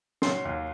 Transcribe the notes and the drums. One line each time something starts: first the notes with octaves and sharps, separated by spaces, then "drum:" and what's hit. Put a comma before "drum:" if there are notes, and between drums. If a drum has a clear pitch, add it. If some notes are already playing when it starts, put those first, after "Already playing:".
F#3 C6, drum: snare
D#2